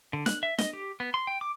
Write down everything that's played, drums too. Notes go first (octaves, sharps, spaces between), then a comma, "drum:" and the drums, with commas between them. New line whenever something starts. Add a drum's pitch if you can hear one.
D3
F#6, drum: snare
E5
D#5, drum: snare
G4
B3
C6
G5
D6